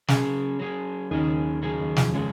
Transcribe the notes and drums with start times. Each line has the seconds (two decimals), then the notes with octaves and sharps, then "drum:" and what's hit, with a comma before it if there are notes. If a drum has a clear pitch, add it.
0.08 C#3 F#3 C#4 G#4, drum: snare
0.59 F#3 C#4 G#4
1.11 D#2 D#3 F#3 C#4 G#4
1.62 C#3 F#3 C#4 G#4
1.79 D#2 D#3
1.96 F2 F3, drum: snare
2.13 C#3 F3 G#3 C#4 G#4